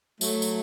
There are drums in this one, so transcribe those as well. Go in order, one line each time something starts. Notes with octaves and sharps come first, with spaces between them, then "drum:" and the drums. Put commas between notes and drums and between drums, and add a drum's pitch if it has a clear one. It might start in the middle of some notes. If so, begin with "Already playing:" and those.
F#3 A3, drum: tambourine
drum: tambourine